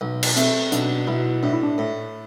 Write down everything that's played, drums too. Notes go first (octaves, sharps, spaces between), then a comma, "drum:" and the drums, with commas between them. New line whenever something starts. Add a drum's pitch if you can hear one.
B1
drum: cymbal
A3 C4, drum: hi-hat
B1 D4, drum: hi-hat
B1 E4
A2 D4
E4
D4
A2